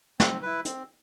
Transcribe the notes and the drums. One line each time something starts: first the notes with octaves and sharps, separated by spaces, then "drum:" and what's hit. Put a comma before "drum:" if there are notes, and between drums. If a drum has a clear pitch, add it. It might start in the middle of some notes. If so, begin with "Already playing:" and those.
C4, drum: snare
E4 B4
C4, drum: hi-hat